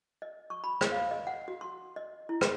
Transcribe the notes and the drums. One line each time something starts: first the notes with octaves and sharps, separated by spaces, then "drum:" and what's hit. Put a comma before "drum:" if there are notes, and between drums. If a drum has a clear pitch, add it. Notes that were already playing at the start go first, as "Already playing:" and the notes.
D#5
C#6
B5
drum: rim click
F5
D#5
F#5
F#4
C6
D#5
E4
drum: rim click